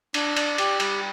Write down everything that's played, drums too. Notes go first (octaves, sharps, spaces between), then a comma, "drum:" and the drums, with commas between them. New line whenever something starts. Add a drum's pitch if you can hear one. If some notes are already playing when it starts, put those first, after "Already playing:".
D4, drum: cymbal
D5, drum: cymbal
G4, drum: cymbal
G3, drum: cymbal